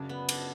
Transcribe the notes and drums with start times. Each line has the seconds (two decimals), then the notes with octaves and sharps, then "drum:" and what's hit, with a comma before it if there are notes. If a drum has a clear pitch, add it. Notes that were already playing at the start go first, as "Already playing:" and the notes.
Already playing: F#2 C#3 D4
0.09 B3
0.29 D4, drum: cymbal